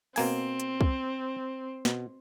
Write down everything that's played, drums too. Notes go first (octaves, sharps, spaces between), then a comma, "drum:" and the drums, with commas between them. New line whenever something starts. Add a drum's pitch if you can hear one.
B2 A#3 C4 G#5, drum: open hi-hat
drum: hi-hat
drum: kick
B2, drum: snare